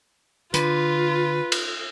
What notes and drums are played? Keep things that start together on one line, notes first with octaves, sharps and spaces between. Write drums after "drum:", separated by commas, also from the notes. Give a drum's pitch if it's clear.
D3 F4 B4, drum: hi-hat
drum: cymbal